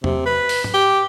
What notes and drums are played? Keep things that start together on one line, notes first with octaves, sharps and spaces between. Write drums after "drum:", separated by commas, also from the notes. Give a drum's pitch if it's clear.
C3, drum: tom
B4
drum: open hi-hat
drum: tom
G4